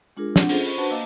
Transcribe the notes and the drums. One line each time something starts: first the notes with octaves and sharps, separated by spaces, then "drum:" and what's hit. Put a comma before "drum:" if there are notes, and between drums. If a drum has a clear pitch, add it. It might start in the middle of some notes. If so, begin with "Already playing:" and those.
G#3 D4 F4 G#4 A#4
C4 D4 F#5, drum: snare
C#4 F4 G#4 A4 C5, drum: open hi-hat
B5 C#6
D4 F#4 B4 C5 F#5 A5
A#3 D#5 F5 A5 D6 E6